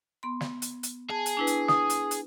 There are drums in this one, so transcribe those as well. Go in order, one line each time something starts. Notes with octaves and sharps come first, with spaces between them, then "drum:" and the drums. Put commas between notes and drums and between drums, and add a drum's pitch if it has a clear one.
B3 C6
drum: snare
drum: hi-hat
drum: hi-hat
G#4 A5
drum: hi-hat
D4 E4 B4
drum: hi-hat
D#6, drum: snare
drum: hi-hat
drum: hi-hat